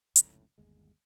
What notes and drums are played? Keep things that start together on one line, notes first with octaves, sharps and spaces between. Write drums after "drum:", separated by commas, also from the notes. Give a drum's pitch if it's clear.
F1 C#2 A2, drum: hi-hat
G1 D#2 G#3